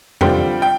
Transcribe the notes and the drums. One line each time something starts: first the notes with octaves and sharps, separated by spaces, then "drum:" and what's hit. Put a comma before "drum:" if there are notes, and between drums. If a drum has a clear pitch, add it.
D3 G3 C4 F4 G5, drum: tom E2
G5